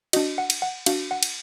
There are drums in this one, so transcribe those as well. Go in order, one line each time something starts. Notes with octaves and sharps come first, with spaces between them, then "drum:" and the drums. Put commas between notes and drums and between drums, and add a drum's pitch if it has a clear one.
D4 F#4 D#5, drum: cymbal
F#5
drum: cymbal
F#5
D4 F#4 F5, drum: cymbal
F#5
drum: cymbal